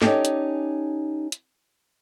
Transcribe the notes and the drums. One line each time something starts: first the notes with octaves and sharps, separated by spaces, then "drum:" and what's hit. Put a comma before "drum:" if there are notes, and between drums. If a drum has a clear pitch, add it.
C#4 D#4 F4 G4 A4 D5, drum: snare
drum: hi-hat
drum: hi-hat